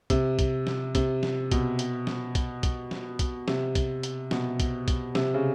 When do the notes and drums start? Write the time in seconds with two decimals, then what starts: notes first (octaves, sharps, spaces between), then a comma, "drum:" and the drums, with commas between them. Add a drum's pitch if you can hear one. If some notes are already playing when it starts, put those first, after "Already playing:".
0.10 C3, drum: kick, hi-hat
0.39 drum: kick, hi-hat
0.67 drum: snare
0.95 C3, drum: kick, hi-hat
1.23 drum: snare
1.51 B2, drum: kick, hi-hat
1.79 drum: hi-hat
2.07 drum: snare
2.35 drum: kick, hi-hat
2.63 drum: kick, hi-hat
2.91 drum: snare
3.19 drum: kick, hi-hat
3.48 C3, drum: snare
3.75 drum: kick, hi-hat
4.03 drum: hi-hat
4.31 B2, drum: snare
4.60 drum: kick, hi-hat
4.88 drum: kick, hi-hat
5.15 C3, drum: snare
5.34 C#3